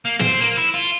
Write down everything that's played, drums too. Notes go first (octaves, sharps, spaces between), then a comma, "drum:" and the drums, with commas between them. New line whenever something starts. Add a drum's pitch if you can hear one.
A#3
C4, drum: snare
A#3
E4
F4